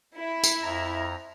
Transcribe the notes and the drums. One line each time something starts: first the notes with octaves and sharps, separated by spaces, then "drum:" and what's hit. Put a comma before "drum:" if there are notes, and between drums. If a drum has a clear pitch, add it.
E4
drum: tambourine
F2 A#5